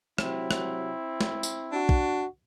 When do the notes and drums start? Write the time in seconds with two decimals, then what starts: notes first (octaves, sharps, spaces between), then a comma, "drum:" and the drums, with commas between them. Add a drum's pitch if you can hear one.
0.18 C3 F#3 C4 E4, drum: rim click
0.51 drum: rim click
1.21 drum: snare
1.43 drum: tambourine
1.72 D4 F#4
1.89 drum: kick